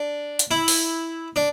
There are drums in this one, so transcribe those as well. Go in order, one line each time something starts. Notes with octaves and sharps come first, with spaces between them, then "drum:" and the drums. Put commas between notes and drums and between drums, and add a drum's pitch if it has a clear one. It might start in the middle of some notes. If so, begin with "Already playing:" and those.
Already playing: D4
drum: hi-hat
E4
drum: open hi-hat
D4